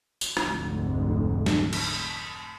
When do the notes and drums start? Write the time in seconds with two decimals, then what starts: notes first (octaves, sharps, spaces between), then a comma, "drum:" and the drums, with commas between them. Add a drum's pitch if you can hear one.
0.21 drum: tambourine
0.37 F1 D2 G#2, drum: rim click
1.46 drum: snare
1.73 drum: cymbal